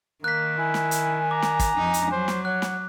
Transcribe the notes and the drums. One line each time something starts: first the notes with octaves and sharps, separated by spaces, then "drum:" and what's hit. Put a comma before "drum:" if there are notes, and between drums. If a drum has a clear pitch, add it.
D#3 A#3 F#6 B6
E4 G#5
drum: snare
drum: hi-hat
A#5 D6
drum: snare
drum: kick, hi-hat
F2 D#4
drum: hi-hat
F#3 C5
drum: snare
C#5 F#5 F#6
drum: snare